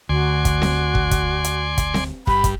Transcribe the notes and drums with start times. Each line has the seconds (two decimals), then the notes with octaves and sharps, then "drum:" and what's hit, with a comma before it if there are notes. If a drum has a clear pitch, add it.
0.09 D2 F#4 D5 G#5 C6
0.45 drum: kick, hi-hat
0.62 drum: snare C4
0.95 drum: kick
1.11 drum: kick, hi-hat
1.44 drum: hi-hat
1.78 drum: kick, hi-hat
1.94 drum: snare C4
2.27 G2 B5, drum: kick
2.44 drum: kick, hi-hat